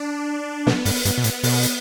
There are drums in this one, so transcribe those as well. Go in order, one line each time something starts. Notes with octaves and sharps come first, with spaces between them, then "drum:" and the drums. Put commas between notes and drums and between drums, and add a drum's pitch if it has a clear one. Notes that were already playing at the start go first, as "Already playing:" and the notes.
Already playing: D4
B2 B3, drum: snare
G2, drum: open hi-hat
G2, drum: hi-hat
B2
A2, drum: hi-hat
B2, drum: open hi-hat
drum: hi-hat